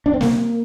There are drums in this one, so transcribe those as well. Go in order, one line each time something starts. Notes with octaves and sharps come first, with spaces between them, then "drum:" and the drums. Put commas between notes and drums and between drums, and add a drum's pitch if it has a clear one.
D4
C4
A#3, drum: snare